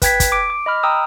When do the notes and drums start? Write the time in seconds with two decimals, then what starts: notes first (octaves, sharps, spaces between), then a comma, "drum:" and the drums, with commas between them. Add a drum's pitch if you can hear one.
0.02 B4 G5 G#6 B6, drum: kick, hi-hat
0.20 drum: kick, hi-hat
0.32 D6 D7
0.50 D6
0.66 D#5 B5 F6
0.83 G5 A#5 D#6 E6